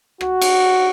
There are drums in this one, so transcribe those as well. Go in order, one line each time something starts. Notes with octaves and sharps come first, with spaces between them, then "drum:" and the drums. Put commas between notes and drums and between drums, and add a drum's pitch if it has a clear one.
F#4, drum: rim click
drum: cymbal